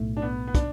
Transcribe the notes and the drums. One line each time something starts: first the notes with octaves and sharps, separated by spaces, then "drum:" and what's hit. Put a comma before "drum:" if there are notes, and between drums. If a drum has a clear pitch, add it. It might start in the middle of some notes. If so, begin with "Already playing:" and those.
Already playing: B1 A2 A3
D4
B3
B3
D4, drum: kick, hi-hat